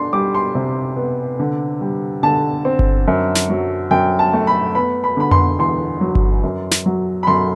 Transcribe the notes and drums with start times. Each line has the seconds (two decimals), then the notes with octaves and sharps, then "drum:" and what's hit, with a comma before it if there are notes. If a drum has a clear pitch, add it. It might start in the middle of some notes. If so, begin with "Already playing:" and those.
Already playing: D4 C6
0.13 G3 D6
0.35 C6
0.55 C3
0.96 B3
1.40 D3
1.81 G3
2.23 D3 A5
2.65 C4
2.79 drum: kick G1
3.08 F#2
3.35 drum: snare
3.50 F#3
3.91 F#2 G5
4.19 A5
4.33 A3
4.47 B5
4.75 B3 B5
5.04 B5
5.17 D3 B5
5.31 C6, drum: tom F2
5.59 E2 C6
6.01 F#3
6.15 drum: kick G1
6.44 F#2
6.71 drum: snare
6.86 F#3
7.23 B5
7.27 F#2 C6